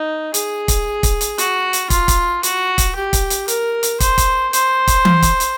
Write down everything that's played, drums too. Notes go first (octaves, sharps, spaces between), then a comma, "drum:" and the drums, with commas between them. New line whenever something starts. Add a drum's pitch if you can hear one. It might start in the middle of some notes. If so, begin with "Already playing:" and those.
Already playing: D#4
G#4, drum: hi-hat
drum: kick, hi-hat
drum: kick, hi-hat
drum: hi-hat
F#4, drum: hi-hat
drum: hi-hat
F4, drum: kick, hi-hat
drum: kick, hi-hat
F#4, drum: hi-hat
drum: kick, hi-hat
G4
drum: kick, hi-hat
drum: hi-hat
A#4, drum: hi-hat
drum: hi-hat
C5, drum: kick, hi-hat
drum: kick, hi-hat
C5, drum: hi-hat
drum: kick, hi-hat
drum: tom E3
drum: kick, hi-hat
drum: hi-hat